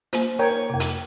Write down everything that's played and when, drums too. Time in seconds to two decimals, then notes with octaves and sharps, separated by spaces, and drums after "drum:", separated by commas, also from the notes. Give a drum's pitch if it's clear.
0.13 A#3 F4 C5, drum: hi-hat
0.39 A#4 C#5 G5
0.70 F2 C3
0.80 drum: hi-hat